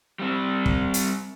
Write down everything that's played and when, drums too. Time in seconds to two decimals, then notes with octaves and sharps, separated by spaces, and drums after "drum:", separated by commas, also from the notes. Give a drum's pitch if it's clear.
0.19 G3 C4
0.66 drum: kick
0.94 drum: hi-hat